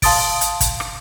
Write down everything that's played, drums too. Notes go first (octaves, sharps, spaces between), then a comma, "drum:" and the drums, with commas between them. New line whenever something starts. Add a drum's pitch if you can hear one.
F5 A5 C6 D#6 A6 D7, drum: kick, open hi-hat
drum: hi-hat
drum: kick, hi-hat
drum: rim click